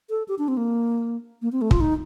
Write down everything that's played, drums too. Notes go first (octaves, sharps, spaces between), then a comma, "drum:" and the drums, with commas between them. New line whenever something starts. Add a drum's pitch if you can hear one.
A4
G4
D4
C4
A#3
A#3
C4
A3
F4, drum: kick
D#4